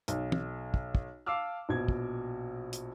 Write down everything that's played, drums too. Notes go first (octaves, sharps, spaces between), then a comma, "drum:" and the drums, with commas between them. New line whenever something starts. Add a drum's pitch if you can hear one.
B1, drum: hi-hat
drum: tom
drum: kick
drum: kick
F5 A5 D6 E6 F6
A#1 B2 G#6
drum: kick
drum: hi-hat